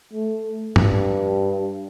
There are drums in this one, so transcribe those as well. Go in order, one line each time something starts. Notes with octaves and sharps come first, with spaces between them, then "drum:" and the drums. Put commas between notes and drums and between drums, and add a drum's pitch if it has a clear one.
A3
G2, drum: tom